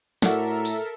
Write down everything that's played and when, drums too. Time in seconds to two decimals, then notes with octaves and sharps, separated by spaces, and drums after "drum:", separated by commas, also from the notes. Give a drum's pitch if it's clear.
0.22 A2 F#4 A4 A#4 D5 E5, drum: snare
0.65 drum: open hi-hat